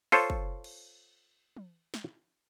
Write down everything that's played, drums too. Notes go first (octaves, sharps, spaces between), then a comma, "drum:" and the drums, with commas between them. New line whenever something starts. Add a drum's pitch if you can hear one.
F4 A4 C5 C#5, drum: open hi-hat
drum: kick
drum: cymbal
drum: tom
drum: snare